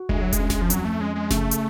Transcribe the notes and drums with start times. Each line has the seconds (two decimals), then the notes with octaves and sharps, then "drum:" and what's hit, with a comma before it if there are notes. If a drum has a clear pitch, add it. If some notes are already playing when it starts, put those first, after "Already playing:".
Already playing: F#4
0.09 D2 G#3, drum: kick F1
0.22 F#3
0.33 G#3, drum: kick F1, hi-hat
0.39 C#4
0.50 drum: snare F#1
0.62 F3
0.70 F2 F#3, drum: hi-hat
0.85 A3
1.00 G#3 C#4
1.15 G#3
1.31 C#3 A3, drum: snare F#1
1.51 drum: hi-hat